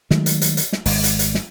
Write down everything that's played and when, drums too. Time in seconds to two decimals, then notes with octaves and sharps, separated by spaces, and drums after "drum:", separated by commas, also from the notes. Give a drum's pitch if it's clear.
0.10 D#3 F#3 G#3 A3, drum: snare
0.26 drum: hi-hat
0.41 drum: hi-hat
0.57 drum: hi-hat
0.73 drum: snare
0.86 G#1 G#3, drum: open hi-hat
1.04 drum: hi-hat
1.19 drum: hi-hat
1.35 drum: snare